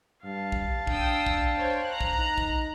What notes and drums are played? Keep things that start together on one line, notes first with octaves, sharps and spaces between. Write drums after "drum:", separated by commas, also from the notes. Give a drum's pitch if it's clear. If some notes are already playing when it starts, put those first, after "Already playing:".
G2 F5 A5
drum: kick
D4 G5 D#6 E6, drum: kick
drum: kick
C5 C#5 G5
A#5 F#6
drum: kick
D#4
drum: kick